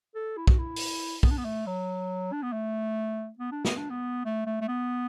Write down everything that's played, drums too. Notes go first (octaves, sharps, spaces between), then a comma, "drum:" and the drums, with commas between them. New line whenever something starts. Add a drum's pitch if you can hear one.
A4
E4
F#4, drum: kick
E4
drum: open hi-hat
B3, drum: kick
D4
B3
A3
F#3
D4
B3
A3
B3
D4
B3, drum: snare
D4
B3
A3
A3
A3
B3